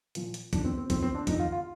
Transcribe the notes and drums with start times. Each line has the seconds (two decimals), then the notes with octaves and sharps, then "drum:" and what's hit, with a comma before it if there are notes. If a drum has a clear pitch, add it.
0.15 A#2 F3, drum: hi-hat
0.34 drum: hi-hat
0.53 F2 D#3 D4, drum: kick, hi-hat
0.65 C4
0.78 C4
0.90 F2 D#3 C4, drum: kick, hi-hat
1.03 C4
1.15 D4
1.27 F2 D#3 D#4, drum: kick, hi-hat
1.39 F4
1.52 F4